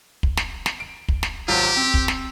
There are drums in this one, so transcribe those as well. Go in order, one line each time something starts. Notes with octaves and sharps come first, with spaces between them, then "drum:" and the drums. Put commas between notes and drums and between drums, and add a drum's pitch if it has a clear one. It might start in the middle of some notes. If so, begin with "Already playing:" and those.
drum: kick
drum: snare
drum: snare
D7
drum: kick
drum: snare
G#1 F#3 F4 G4
C4
drum: kick
drum: snare